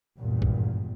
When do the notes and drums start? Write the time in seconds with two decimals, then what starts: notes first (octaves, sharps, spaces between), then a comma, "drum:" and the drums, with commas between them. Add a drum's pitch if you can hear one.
0.17 G#1 E2 G2 A#2
0.42 drum: kick